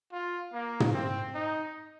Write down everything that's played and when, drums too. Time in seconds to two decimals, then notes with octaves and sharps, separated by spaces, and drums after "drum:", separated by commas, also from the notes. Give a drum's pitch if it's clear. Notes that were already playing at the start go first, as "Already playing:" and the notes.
0.12 F4
0.53 A#3
0.80 drum: tom
0.94 C4
1.34 D#4